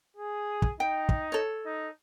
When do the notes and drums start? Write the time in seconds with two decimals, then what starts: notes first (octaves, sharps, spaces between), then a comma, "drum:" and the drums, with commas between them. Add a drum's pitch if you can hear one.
0.17 G#4
0.62 drum: kick
0.80 D#4 G5
1.09 drum: kick
1.32 A4 C#5
1.66 D#4